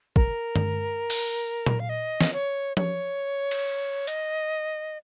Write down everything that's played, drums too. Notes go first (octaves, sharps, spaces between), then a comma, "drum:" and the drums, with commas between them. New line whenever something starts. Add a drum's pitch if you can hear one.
A#4, drum: kick
drum: tom G2
drum: open hi-hat
drum: tom A#2
F5
D#5
drum: snare
C#5
C#5, drum: tom F3
drum: cymbal
D#5, drum: hi-hat